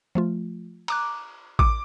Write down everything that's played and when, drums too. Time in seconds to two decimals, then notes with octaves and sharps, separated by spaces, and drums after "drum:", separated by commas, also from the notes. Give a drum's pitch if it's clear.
0.15 F3 A3 F4
0.88 A#5 D6 F#6, drum: cymbal
1.59 D6, drum: kick A1